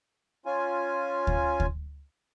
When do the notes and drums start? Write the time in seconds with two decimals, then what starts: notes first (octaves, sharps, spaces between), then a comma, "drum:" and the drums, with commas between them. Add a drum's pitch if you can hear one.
0.46 C#4 F4 G#5
1.27 drum: kick D2
1.60 drum: kick D2